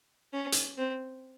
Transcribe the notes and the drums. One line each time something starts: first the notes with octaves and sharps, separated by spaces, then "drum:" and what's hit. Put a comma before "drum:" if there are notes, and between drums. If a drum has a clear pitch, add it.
C#4
drum: hi-hat
C4